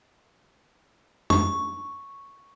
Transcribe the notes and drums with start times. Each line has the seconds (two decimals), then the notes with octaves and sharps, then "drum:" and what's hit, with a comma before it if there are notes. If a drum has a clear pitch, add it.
1.30 C#6, drum: tom F2